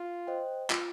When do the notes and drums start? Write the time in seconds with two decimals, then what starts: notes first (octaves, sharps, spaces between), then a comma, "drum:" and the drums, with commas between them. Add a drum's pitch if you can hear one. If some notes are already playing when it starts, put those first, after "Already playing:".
Already playing: F4
0.27 C5 D#5 G5
0.70 F4, drum: clap